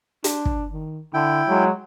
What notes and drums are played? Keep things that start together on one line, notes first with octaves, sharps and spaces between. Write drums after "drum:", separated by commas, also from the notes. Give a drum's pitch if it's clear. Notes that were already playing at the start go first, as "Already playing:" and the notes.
D4, drum: hi-hat
drum: kick
D#3
D3 E4 G5
F#3 G#3